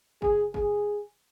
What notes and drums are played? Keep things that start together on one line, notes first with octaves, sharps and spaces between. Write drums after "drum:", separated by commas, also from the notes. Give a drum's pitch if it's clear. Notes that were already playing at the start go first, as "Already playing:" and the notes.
G#4, drum: kick F#1
G#4, drum: kick F#1